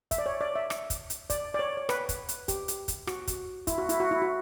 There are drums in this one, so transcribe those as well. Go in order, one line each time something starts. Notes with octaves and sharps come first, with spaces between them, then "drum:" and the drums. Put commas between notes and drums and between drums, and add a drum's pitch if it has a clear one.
E5, drum: kick, hi-hat
D5
C#5
D5
E5
drum: rim click
drum: kick, hi-hat
drum: hi-hat
D5, drum: kick, hi-hat
D5
C#5
C#5
B4, drum: rim click
drum: kick, hi-hat
drum: hi-hat
G4, drum: kick, hi-hat
drum: hi-hat
drum: kick, hi-hat
F#4, drum: rim click
drum: kick, hi-hat
E4, drum: kick, hi-hat
F#4
E4, drum: hi-hat
F#4
E4
F#4